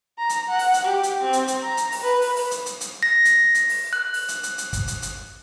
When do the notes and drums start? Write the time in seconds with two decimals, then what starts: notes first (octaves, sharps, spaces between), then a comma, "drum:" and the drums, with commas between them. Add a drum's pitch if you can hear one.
0.19 A#5
0.29 drum: hi-hat
0.49 F#5
0.59 drum: open hi-hat
0.74 drum: hi-hat
0.85 G4
1.03 drum: hi-hat
1.23 C4
1.33 drum: hi-hat
1.48 drum: hi-hat
1.62 A#5
1.77 drum: hi-hat
1.92 drum: open hi-hat
2.02 B4
2.22 drum: open hi-hat
2.36 drum: open hi-hat
2.51 drum: hi-hat
2.66 drum: hi-hat
2.81 drum: hi-hat
3.03 A#6
3.25 drum: hi-hat
3.55 drum: hi-hat
3.69 drum: open hi-hat
3.93 F#6
4.14 drum: open hi-hat
4.28 drum: hi-hat
4.43 drum: hi-hat
4.58 drum: hi-hat
4.73 drum: kick, hi-hat
4.88 drum: hi-hat
5.02 drum: hi-hat